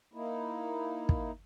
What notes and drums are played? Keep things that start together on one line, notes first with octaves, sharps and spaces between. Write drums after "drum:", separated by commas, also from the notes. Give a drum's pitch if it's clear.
A#3 D#4 E4
drum: kick